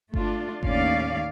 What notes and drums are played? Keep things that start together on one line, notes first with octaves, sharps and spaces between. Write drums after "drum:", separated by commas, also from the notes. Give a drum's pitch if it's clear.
A3 D4 F4, drum: kick G1
D#2 A2 C#4 D5 F5, drum: kick G1